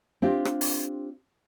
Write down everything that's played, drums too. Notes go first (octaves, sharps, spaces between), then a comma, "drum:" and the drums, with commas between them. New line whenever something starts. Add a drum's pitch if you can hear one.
C4 D4 F4 G4
drum: rim click
drum: open hi-hat